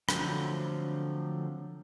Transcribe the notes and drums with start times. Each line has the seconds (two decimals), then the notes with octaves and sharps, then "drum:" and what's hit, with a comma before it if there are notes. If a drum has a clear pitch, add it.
0.09 D3 F3 F#3 A3 C4, drum: rim click